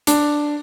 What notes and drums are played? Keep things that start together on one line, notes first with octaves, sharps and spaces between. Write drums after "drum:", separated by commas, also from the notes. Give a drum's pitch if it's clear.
D4, drum: hi-hat